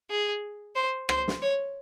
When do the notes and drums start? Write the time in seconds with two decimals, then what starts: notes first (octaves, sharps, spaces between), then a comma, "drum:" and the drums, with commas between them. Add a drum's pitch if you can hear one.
0.10 G#4
0.75 C5
1.09 C5, drum: rim click
1.28 drum: snare
1.42 C#5